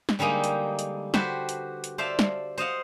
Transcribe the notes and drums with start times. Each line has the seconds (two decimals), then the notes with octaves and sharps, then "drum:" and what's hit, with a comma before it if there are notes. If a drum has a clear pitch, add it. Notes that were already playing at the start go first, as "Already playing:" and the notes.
0.09 drum: snare
0.19 D3 G3 G#3 A#3 D#4
0.44 drum: hi-hat
0.79 drum: hi-hat
1.14 F#4 G4 B4 C5 A5, drum: snare
1.49 drum: hi-hat
1.84 drum: hi-hat
1.98 C5 D5 E5 F5 A5
2.19 drum: snare
2.58 C5 D#5 F5 F#5